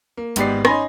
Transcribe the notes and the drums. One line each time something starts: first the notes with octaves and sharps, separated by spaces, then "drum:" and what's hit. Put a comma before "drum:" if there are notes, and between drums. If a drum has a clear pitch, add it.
A#3
G#1 G#2 B3 G4 D5 C7, drum: hi-hat
C#4 D#4 G#5 B5 C6 A#6, drum: rim click